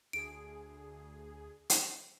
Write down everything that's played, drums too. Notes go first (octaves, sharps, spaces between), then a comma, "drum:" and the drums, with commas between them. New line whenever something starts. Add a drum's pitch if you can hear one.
D2 G#4 D7
drum: hi-hat